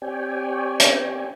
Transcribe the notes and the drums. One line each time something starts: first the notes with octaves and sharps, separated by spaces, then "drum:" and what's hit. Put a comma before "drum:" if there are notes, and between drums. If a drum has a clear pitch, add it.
C4 G4 C#5 D5 G5 G#5
drum: hi-hat